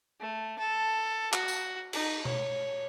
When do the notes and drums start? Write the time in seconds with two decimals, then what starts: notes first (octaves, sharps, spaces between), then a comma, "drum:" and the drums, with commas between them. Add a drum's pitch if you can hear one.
0.20 A3
0.59 A4
1.33 F#4, drum: clap
1.48 drum: tambourine
1.93 D#4, drum: cymbal
2.25 C#5, drum: tom B2